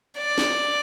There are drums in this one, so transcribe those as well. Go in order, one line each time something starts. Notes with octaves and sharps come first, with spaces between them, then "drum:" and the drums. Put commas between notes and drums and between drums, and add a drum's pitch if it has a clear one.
D5
drum: snare